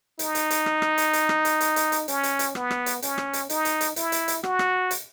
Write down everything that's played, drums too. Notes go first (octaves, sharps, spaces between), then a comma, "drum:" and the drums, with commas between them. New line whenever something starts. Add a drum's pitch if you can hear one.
D#4, drum: hi-hat
drum: hi-hat
drum: hi-hat
drum: rim click
drum: rim click
drum: hi-hat
drum: hi-hat
drum: rim click
drum: hi-hat
drum: hi-hat
drum: hi-hat
drum: hi-hat
C#4, drum: hi-hat
drum: hi-hat
drum: hi-hat
B3, drum: rim click
drum: rim click
drum: hi-hat
C#4, drum: hi-hat
drum: rim click
drum: hi-hat
D#4, drum: hi-hat
drum: hi-hat
drum: hi-hat
E4, drum: hi-hat
drum: hi-hat
drum: hi-hat
F#4, drum: rim click
drum: rim click
drum: hi-hat